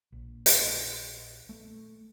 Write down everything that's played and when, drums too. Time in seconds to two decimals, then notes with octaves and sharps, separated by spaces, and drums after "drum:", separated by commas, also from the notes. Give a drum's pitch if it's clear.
0.12 A#1
0.46 drum: hi-hat
1.49 A3